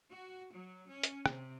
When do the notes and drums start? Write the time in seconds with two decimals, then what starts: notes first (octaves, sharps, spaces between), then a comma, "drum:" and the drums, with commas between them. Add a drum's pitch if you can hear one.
0.10 F#4
0.52 F#3
0.89 C#4
1.03 drum: hi-hat
1.26 C3, drum: rim click